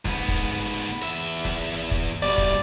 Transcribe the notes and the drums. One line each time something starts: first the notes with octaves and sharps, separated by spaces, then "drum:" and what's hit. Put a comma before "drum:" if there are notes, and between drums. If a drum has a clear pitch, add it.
G#2 B3, drum: snare
drum: kick
E2 E5
drum: snare
drum: kick
B2 G3 D5
drum: kick